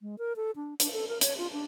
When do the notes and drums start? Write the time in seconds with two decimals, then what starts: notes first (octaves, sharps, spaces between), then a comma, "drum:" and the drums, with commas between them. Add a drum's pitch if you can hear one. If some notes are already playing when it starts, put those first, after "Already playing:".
0.01 G#3
0.19 A#4
0.36 A4
0.56 D4
0.80 D4, drum: hi-hat
0.93 A4
1.08 A#4
1.21 C#5, drum: hi-hat
1.38 F4
1.53 D4